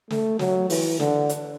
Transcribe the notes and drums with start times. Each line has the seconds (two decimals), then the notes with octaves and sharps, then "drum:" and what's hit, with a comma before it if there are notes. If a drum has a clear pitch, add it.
0.10 A3, drum: snare
0.39 F#3, drum: snare
0.70 E3, drum: open hi-hat
1.00 D3, drum: snare
1.29 drum: hi-hat